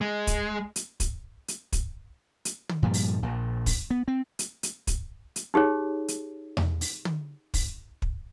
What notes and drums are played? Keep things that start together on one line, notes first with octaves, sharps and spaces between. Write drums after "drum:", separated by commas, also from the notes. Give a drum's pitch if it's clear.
G#3
drum: kick, hi-hat
drum: hi-hat
drum: kick, hi-hat
drum: hi-hat
drum: kick, hi-hat
drum: hi-hat
drum: tom
G2 A#2 F3 G3
drum: open hi-hat
A#1 A#2
drum: kick, open hi-hat
B3
C4
drum: hi-hat
drum: hi-hat
drum: kick, hi-hat
drum: hi-hat
D#4 G4 G#4 C#5
drum: hi-hat
drum: tom E2
drum: open hi-hat
drum: tom
drum: kick, open hi-hat
drum: kick